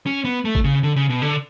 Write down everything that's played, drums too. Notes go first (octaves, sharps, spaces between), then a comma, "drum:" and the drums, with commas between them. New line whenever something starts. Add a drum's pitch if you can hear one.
C#4
B3
A3
drum: kick G#1
C#3
D3
C#3
B2
D3